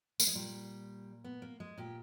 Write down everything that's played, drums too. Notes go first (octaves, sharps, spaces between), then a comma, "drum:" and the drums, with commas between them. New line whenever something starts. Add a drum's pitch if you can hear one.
A#3, drum: tambourine
G#3
A#2 G3
B3
A#3
G#3
A#2 G4